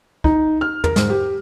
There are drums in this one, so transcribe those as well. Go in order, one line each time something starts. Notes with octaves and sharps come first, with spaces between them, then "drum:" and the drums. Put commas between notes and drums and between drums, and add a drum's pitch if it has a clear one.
D#4, drum: kick
F6
A#4, drum: tom
G#2, drum: snare
G4